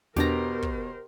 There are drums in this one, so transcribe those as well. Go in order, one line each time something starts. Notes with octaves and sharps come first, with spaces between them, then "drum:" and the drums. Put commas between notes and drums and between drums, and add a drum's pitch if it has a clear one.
E2 B2 D4 G4 A#4 C5 A#5, drum: snare
drum: kick